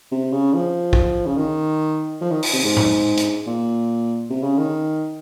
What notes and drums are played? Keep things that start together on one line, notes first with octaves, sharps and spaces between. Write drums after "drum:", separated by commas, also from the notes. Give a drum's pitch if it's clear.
C3
C#3
F3
drum: kick
C#3
D#3
F3
D#3
drum: open hi-hat
C3
G#2
drum: tom A2
drum: hi-hat
A#2
C3
C#3
D#3